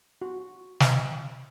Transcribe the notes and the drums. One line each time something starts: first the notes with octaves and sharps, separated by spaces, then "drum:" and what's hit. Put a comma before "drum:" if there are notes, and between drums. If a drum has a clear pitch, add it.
F#4
drum: snare